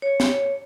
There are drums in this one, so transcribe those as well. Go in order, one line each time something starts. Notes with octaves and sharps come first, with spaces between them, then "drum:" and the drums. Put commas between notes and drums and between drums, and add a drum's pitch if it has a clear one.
C#5
drum: snare